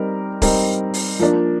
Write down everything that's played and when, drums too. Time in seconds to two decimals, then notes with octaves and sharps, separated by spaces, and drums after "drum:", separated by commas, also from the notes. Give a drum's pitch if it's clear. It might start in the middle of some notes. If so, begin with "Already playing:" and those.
Already playing: G3 C4 D#4 A#4
0.42 G3 C4 D#4 A#4, drum: kick D1, open hi-hat
0.94 drum: open hi-hat
1.19 F3 A#3 D4